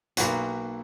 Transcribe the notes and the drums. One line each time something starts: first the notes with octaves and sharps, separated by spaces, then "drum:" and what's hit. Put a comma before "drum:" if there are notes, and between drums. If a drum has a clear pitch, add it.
B1 A#3 F#4, drum: hi-hat